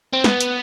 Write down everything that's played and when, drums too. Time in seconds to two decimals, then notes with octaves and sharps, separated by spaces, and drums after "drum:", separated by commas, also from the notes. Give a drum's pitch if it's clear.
0.13 C4
0.24 B3, drum: snare
0.41 drum: hi-hat